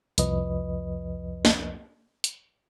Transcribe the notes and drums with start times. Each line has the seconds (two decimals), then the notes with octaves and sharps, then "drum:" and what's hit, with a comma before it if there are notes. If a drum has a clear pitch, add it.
0.18 C2 F2 F3 B4 D#5, drum: hi-hat
1.45 drum: snare
2.24 drum: hi-hat